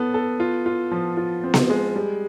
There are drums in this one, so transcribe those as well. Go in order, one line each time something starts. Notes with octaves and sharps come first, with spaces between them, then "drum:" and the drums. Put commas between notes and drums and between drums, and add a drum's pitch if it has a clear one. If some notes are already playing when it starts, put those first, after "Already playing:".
Already playing: B3 A4
A4
F4
F4
F3
F4
C4
drum: snare B3
G#3
G3